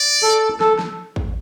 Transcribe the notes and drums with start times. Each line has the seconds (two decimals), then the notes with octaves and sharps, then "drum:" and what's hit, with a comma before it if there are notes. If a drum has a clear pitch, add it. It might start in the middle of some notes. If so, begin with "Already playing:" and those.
Already playing: D5
0.23 A4
0.60 A4, drum: snare
0.79 drum: snare
1.16 drum: kick